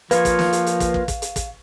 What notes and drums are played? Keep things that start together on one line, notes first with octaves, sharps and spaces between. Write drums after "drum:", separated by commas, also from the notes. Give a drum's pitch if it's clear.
F3 A#3 F4 B4 C#5 F5, drum: hi-hat
drum: kick, hi-hat
drum: snare
drum: hi-hat
drum: hi-hat
drum: kick, hi-hat
drum: kick
drum: kick, hi-hat
drum: hi-hat
drum: kick, hi-hat